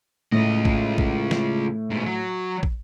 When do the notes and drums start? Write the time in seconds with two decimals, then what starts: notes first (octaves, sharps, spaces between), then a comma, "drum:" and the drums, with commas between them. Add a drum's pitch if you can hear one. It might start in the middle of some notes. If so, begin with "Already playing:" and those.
0.32 C#2 A2 D#5
0.65 drum: kick
0.98 drum: kick
1.31 drum: snare
1.90 G#2 B2
2.06 F#3
2.63 drum: kick